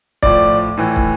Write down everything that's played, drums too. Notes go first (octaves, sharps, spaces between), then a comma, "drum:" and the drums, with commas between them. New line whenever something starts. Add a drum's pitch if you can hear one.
A2 F3 D5, drum: kick
A2 E3
drum: kick